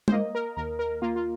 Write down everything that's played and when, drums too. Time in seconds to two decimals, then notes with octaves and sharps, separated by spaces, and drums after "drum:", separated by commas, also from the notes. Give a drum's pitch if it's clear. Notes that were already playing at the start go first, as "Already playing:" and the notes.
0.08 C5, drum: tom G#3
0.12 A#3 D#5
0.35 A#4
0.57 D#2 A#4
0.79 A#4
1.02 A#3 F4
1.16 F4